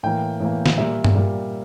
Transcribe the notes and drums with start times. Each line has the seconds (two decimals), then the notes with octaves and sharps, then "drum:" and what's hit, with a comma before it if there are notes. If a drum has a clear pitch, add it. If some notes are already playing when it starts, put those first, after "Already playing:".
0.03 A2 E3 A#3 G5
0.40 A2 E3 A#3
0.66 drum: snare
0.78 A#2 G3 A#3 E5
1.04 drum: tom G2
1.15 A#2 G3 A#3